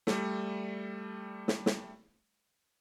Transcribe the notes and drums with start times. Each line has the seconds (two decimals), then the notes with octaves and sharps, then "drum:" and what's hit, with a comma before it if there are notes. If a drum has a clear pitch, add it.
0.07 G3 A3, drum: snare
1.48 drum: snare
1.66 drum: snare